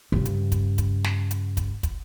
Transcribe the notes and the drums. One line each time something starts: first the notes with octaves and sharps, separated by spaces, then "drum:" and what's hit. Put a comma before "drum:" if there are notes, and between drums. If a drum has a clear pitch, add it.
G2 C#3
drum: hi-hat
drum: kick, hi-hat
drum: kick, hi-hat
drum: snare
drum: hi-hat
drum: kick, hi-hat
drum: kick, hi-hat